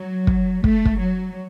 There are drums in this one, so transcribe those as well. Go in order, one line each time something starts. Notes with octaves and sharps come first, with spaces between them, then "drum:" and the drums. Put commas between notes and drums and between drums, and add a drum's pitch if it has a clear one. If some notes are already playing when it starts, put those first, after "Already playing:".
Already playing: F#3
drum: kick
A3, drum: kick
drum: kick
F#3